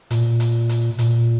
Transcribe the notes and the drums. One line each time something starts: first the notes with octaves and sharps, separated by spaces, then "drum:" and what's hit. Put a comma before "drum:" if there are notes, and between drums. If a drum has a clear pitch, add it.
A#2, drum: hi-hat
drum: hi-hat
drum: hi-hat
A#2, drum: hi-hat